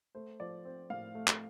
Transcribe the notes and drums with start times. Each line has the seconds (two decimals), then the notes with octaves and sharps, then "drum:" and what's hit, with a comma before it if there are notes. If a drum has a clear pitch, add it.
0.15 A3 C5
0.40 F3 D5
0.65 C4
0.90 A2 F5
1.15 A3
1.28 drum: clap